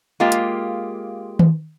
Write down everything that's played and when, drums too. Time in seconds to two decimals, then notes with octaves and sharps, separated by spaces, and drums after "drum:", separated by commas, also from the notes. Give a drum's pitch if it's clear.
0.20 G#3 A#3 F4 G4
0.32 drum: hi-hat
1.39 drum: tom D#3